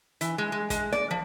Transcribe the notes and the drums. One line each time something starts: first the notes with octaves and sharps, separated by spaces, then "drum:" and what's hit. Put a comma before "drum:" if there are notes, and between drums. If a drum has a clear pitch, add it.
E3, drum: hi-hat
G#3
G#3
G#3, drum: kick, hi-hat
D5, drum: snare
F3